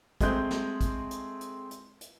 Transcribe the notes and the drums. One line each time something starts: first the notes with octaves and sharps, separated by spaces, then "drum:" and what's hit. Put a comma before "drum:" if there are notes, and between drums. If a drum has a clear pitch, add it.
G#3 A3 C4 D#5 G6, drum: kick, hi-hat
drum: snare
drum: kick, hi-hat
drum: hi-hat
drum: hi-hat
drum: hi-hat
drum: hi-hat